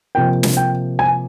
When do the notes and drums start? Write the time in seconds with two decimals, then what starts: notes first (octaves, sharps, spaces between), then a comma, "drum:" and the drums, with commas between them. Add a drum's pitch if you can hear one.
0.15 C3 F3 A#3 G5
0.43 drum: snare
0.57 G5
0.99 G#5